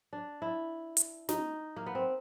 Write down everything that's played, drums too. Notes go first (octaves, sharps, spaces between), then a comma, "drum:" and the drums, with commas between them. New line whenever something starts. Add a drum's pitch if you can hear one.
D4
E4
drum: hi-hat
D#4, drum: snare
A#3
B3
C4